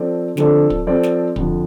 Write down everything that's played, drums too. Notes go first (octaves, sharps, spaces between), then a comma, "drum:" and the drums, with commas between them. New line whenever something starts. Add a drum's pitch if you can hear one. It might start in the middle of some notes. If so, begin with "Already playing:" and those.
Already playing: F3 C4 A4 D5
D3 F3 C4 A4 D5, drum: snare
drum: kick
F3 C4 A4 D5
drum: snare
F2 D3 F3, drum: kick